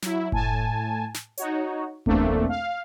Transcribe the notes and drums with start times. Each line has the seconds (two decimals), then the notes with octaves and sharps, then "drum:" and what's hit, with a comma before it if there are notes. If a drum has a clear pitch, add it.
0.03 F#3 E4, drum: snare
0.32 A2 G#5 A5, drum: kick F#1
1.15 drum: snare
1.37 D#4 F#4 C#5, drum: hi-hat
2.06 B1 E2 A3 A#3 C4 D4, drum: kick F#1
2.49 F5